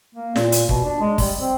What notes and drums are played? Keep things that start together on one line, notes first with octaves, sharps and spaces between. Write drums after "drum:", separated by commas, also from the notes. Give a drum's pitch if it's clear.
A#3
A#2, drum: snare
drum: hi-hat
B2, drum: kick
D4
G#3
G3, drum: kick, open hi-hat
C4